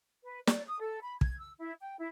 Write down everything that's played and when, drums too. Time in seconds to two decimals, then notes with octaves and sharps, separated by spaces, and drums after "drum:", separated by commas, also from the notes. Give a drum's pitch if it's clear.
0.24 B4
0.47 D5, drum: snare
0.67 D#6
0.80 A4
1.02 B5
1.21 G#6, drum: kick
1.39 E6
1.58 E4
1.80 G5
1.98 E4